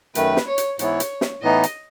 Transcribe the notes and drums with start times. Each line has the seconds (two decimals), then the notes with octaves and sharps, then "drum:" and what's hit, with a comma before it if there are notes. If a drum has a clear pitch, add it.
0.15 F#2 D#3 A3 B4, drum: hi-hat
0.37 drum: snare
0.47 C#5
0.58 drum: hi-hat
0.79 G#2 E3 B3 E4 C#5, drum: hi-hat
1.00 drum: hi-hat
1.21 drum: snare
1.42 A2 E3 B3 D#4 D#5
1.63 drum: hi-hat